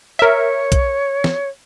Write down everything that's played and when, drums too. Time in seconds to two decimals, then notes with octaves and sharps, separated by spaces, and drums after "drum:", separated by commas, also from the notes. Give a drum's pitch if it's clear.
0.19 A#4 C#5 E5
0.72 drum: kick, hi-hat
1.24 drum: snare